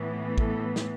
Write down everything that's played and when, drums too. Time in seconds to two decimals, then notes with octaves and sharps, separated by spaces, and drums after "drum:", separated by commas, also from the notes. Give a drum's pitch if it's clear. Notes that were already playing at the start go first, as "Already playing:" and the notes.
Already playing: A2 E3 B3
0.38 A4, drum: kick
0.76 drum: snare